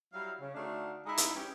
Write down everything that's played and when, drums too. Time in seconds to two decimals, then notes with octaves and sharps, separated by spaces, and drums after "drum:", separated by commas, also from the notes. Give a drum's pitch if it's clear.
0.12 F#3 G3 E4 F5
0.40 C#3
0.54 D3 A3 D4 D#4 F#4 F5
1.05 G#3 D#4 E4
1.17 drum: hi-hat
1.35 C#4 E4 G4 G#4 B4 C#5